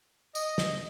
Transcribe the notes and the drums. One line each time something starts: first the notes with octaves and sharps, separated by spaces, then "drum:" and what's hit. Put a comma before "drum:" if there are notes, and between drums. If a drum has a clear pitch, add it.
D#5, drum: tambourine
drum: snare